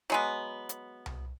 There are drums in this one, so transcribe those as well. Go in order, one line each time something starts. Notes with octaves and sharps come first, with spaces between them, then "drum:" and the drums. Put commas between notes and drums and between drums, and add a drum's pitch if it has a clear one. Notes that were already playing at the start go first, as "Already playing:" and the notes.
F#3 G#3 B3
drum: hi-hat
drum: tom C2